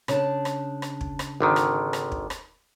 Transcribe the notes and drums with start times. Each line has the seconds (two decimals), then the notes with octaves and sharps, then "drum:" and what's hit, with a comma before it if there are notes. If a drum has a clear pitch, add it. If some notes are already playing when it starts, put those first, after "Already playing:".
0.08 C#3 D4 A5, drum: rim click
0.45 drum: rim click
0.82 drum: rim click
1.01 drum: kick
1.19 drum: rim click
1.41 G#1 D3 D#3
1.56 drum: rim click
1.93 drum: rim click
2.12 drum: kick
2.30 drum: rim click